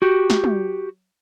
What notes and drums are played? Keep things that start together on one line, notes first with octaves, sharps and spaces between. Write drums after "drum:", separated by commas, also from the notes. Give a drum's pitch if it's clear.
F#4 G4
drum: snare
drum: tom